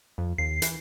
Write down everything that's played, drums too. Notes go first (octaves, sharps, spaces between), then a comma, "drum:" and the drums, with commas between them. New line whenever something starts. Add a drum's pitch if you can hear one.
F2
D#2 C7
E3, drum: hi-hat